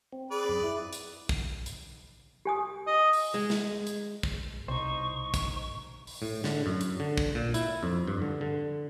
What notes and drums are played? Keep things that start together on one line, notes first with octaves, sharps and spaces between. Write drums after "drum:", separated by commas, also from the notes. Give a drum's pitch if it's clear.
C4
G#4 B4 D5
F#2
E4
drum: hi-hat
drum: kick
drum: hi-hat
G4 G#5 D#6
D#5
drum: open hi-hat
G#3
drum: snare
drum: hi-hat
drum: kick
C2 B2 D#4 C5 C#6
drum: kick, hi-hat
drum: open hi-hat
A2
D3, drum: snare
F#2
drum: hi-hat
D3
drum: kick
A#2
E4, drum: hi-hat
F2
G2
D3
D3